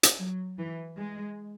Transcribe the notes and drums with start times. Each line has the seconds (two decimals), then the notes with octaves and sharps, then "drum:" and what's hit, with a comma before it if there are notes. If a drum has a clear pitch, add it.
0.03 drum: hi-hat
0.19 F#3
0.58 E3
0.97 G#3